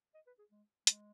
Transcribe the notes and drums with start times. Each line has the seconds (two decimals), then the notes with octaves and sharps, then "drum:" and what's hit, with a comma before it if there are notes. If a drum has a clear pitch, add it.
0.15 D#5
0.27 B4
0.39 G#4
0.51 G#3
0.87 G#3, drum: hi-hat